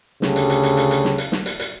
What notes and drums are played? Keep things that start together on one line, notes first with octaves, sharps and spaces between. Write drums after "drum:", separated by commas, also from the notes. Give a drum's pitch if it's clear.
D2 C#3 G4 A4, drum: snare
drum: hi-hat
drum: hi-hat
drum: hi-hat
drum: hi-hat
drum: hi-hat
drum: snare
drum: hi-hat
drum: snare
drum: hi-hat
drum: hi-hat